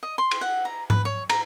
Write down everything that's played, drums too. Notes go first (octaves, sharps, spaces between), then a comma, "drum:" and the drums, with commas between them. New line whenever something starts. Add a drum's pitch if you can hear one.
D#5
C6
drum: cymbal
F#5
A#5
B4, drum: tom G#2
C#5
A#5, drum: cymbal